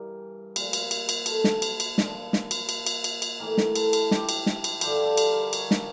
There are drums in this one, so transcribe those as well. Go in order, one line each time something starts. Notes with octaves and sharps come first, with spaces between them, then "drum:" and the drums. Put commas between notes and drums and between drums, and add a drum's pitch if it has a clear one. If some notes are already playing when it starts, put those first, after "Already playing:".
Already playing: G2 E3 A#4
A#2 F3, drum: cymbal
drum: cymbal
drum: cymbal
drum: cymbal
A4, drum: cymbal
drum: snare
drum: cymbal
drum: cymbal
A#2 F3, drum: snare
drum: snare
drum: cymbal
drum: cymbal
drum: cymbal
drum: cymbal
drum: cymbal
A2 E3 A#4
drum: snare
A4, drum: cymbal
drum: cymbal
G4, drum: snare
drum: cymbal
drum: snare
drum: cymbal
G2 D3 F3 G4, drum: cymbal
A4
drum: cymbal
A#4
C#5, drum: cymbal
drum: snare